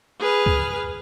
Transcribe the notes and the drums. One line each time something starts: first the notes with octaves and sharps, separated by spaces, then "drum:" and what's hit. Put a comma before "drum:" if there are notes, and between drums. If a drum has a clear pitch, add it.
G#4 B4 F6
drum: kick C#2